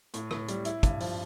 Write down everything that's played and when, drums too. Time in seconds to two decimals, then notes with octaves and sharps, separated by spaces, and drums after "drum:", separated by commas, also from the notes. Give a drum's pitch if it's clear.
0.14 A2, drum: hi-hat
0.31 A2, drum: rim click
0.48 G3, drum: hi-hat
0.65 E4, drum: hi-hat
0.83 G2, drum: kick, hi-hat
1.00 F3, drum: open hi-hat